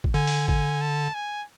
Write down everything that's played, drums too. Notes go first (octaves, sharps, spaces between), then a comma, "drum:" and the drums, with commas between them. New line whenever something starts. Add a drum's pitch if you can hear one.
drum: kick
D3 G#5
drum: open hi-hat
G#5, drum: kick
A5
G#5